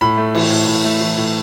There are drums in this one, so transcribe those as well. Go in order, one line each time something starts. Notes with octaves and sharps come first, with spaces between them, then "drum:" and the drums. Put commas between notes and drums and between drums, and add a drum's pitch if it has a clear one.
A2 B5
A3
E3, drum: cymbal
A2
A2
A3
E3
A2